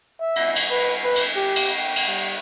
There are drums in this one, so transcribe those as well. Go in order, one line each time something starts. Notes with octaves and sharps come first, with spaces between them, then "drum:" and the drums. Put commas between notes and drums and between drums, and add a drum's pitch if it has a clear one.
E5
drum: cymbal
drum: cymbal
B4
B4
drum: cymbal
G4
drum: cymbal
G5
drum: cymbal
G3